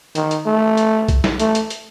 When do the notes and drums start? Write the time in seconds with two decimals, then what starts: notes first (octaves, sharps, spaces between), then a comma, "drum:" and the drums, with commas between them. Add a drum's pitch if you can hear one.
0.15 D#3, drum: hi-hat
0.31 drum: hi-hat
0.46 A3
0.77 drum: hi-hat
1.08 drum: kick B1, hi-hat
1.24 drum: snare
1.40 A3, drum: hi-hat
1.55 drum: hi-hat
1.70 drum: hi-hat